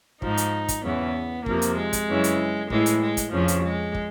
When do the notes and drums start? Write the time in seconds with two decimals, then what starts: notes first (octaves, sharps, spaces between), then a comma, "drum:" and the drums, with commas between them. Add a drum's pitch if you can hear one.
0.22 G#2 F3 D#4, drum: kick
0.37 drum: hi-hat
0.68 drum: kick, hi-hat
0.84 E2 C#3 E3 B3
1.46 F2 C3 F3 A#3, drum: kick
1.62 drum: hi-hat
1.77 G#3
1.93 drum: kick, hi-hat
2.08 F#2 C#3 E3
2.24 drum: hi-hat
2.70 A2 E3 G#3, drum: kick
2.86 drum: hi-hat
3.01 G#3
3.17 drum: kick, hi-hat
3.33 F2 C#3 F3
3.48 drum: hi-hat
3.63 G#3
3.95 drum: kick